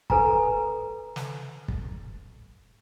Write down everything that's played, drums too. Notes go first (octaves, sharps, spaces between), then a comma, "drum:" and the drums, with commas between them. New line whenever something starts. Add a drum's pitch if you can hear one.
A4 B4 G#5 A#5, drum: kick
drum: snare
drum: kick